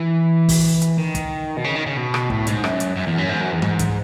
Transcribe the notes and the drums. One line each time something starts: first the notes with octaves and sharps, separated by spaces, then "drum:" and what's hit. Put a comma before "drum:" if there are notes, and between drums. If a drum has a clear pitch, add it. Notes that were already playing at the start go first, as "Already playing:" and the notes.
Already playing: E3
drum: kick, open hi-hat
drum: hi-hat
D#3
drum: kick, hi-hat
B2
C#3
D#3
C#3
B2
drum: rim click
A2, drum: kick
G#2, drum: hi-hat
F#2, drum: rim click
drum: hi-hat
F#2
E2
F#2
G#2
F#2
E2
G#2, drum: tom
drum: kick, hi-hat